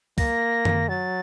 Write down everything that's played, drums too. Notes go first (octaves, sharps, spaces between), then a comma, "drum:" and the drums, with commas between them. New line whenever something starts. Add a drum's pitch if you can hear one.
A#3 A#6, drum: kick, open hi-hat
drum: tom F#2
F#3 A6